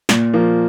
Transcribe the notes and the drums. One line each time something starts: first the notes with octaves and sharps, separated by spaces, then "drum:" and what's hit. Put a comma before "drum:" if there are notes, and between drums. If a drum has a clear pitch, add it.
A#2, drum: snare
F3 A#3